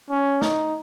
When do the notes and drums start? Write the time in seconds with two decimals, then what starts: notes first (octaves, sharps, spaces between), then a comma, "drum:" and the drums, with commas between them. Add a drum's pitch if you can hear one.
0.11 C#4
0.42 D#4, drum: snare A3